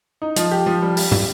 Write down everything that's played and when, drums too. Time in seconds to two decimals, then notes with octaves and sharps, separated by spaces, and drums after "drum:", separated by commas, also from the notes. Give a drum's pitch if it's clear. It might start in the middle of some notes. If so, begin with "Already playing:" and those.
0.22 D#4
0.36 F3, drum: hi-hat
0.51 G4
0.66 F3
0.82 G3
0.97 G3, drum: open hi-hat
1.12 G3, drum: tom